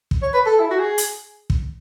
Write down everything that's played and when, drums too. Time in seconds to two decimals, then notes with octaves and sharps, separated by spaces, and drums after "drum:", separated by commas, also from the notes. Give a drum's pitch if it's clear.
0.11 drum: kick
0.23 C#5
0.34 B4
0.46 A4
0.60 E4
0.71 F#4
0.80 G#4
0.98 drum: hi-hat
1.50 drum: kick